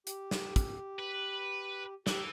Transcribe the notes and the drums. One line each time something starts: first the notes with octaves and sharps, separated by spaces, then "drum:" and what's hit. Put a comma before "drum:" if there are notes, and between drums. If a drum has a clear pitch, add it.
G4, drum: hi-hat
drum: snare
drum: kick, hi-hat
B4
E3 G4, drum: snare